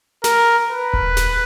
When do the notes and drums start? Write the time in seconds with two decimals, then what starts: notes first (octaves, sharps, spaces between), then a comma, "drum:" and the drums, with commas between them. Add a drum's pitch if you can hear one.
0.24 A#4, drum: snare
0.70 B4
0.93 drum: kick D#1
1.17 drum: snare